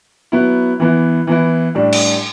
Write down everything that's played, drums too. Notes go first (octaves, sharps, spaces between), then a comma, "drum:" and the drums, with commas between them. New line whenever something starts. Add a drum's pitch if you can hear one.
F#3 B3 E4
E3 B3 E4
E3 B3 E4
A2 G3 D4
drum: cymbal